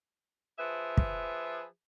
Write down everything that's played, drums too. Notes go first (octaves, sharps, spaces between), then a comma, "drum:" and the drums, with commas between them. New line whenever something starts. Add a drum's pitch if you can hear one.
F3 G#4 B4 E5
drum: kick